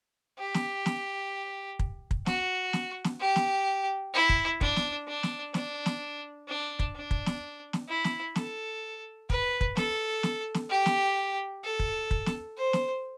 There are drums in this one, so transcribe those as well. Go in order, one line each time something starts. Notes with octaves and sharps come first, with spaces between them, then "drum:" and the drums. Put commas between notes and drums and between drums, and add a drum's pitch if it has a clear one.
G4
drum: snare
drum: snare
drum: kick
drum: kick
F#4, drum: snare
drum: snare
drum: snare
G4
drum: snare
E4
drum: kick
D4, drum: kick
drum: snare
D4
drum: snare
D4, drum: snare
drum: snare
D4
drum: kick
D4
drum: kick
drum: snare
drum: snare
E4
drum: snare
A4, drum: snare
B4, drum: kick
drum: kick
A4, drum: snare
drum: snare
drum: snare
G4
drum: snare
A4
drum: kick
drum: kick
drum: snare
C5
drum: snare